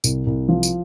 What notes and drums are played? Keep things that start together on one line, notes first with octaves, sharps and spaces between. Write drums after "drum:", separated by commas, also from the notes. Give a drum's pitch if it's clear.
C2, drum: tambourine
C2
F3
drum: tambourine